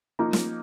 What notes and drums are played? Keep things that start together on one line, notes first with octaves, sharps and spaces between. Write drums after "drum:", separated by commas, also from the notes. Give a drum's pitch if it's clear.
F3 A#3 D#4
drum: snare